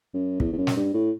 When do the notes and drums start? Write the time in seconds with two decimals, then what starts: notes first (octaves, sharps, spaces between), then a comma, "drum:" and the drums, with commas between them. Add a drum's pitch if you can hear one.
0.14 F#2
0.40 E2, drum: kick
0.53 E2
0.58 F#2
0.67 drum: snare
0.76 G2
0.94 A2